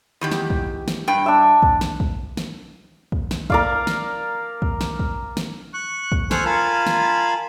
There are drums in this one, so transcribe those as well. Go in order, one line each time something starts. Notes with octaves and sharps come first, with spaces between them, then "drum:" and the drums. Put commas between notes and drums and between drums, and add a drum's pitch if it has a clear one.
E2 D#3 G4
drum: snare
drum: kick
drum: snare
G2 G5
D4 E5
drum: kick
drum: snare
drum: kick
drum: snare
drum: kick
drum: snare
A#4 D5 F5, drum: kick
drum: snare
drum: kick
drum: snare
drum: kick
drum: snare
C#6 F#6
drum: kick
A4 C5 G#5 C#6 F6 F#6, drum: snare
F4 A#4 G#5 A5 B5
drum: snare